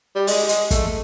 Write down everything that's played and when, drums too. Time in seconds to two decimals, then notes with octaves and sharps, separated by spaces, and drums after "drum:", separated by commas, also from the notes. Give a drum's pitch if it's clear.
0.16 G3
0.27 G#3, drum: open hi-hat
0.49 G#3, drum: hi-hat
0.71 A3, drum: kick, hi-hat